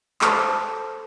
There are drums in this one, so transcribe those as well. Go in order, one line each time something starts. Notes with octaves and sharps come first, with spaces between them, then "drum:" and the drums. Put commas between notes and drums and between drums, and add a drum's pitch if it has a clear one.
A4 C5, drum: clap